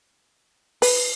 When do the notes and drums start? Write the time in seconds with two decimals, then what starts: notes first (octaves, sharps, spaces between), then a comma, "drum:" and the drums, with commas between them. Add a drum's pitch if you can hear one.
0.82 B4, drum: open hi-hat